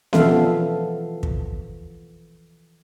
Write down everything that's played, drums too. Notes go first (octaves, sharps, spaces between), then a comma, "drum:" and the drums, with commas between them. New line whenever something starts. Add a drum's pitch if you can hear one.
E3 F3 B3 A4 E5 F5, drum: snare C#4
drum: kick